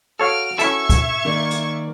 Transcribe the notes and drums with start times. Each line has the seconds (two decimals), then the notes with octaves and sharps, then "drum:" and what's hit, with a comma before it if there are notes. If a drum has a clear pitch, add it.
0.20 F#4 A4 C#5 F5 F6 D7
0.59 C#4 E4 A4 E5 C#6 G#6, drum: hi-hat
0.90 drum: kick, hi-hat
1.25 D#3 A#3 D5
1.51 drum: hi-hat